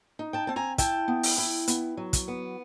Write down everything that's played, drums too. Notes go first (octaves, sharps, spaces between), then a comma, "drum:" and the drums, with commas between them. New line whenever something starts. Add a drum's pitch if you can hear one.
D#4
G5 A5
C4 A5
G#5 A#5
E4 G5 A5, drum: kick, hi-hat
B3
drum: open hi-hat
E4
B3, drum: hi-hat
F#3
drum: kick, hi-hat
B3